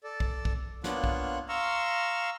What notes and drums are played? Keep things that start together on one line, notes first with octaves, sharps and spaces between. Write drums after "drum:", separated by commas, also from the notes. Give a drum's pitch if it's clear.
A4 D5
drum: kick
drum: kick
A#3 B3 D4 F4 C#5 F#6, drum: snare
drum: kick
F5 A#5 C6 C#6 E6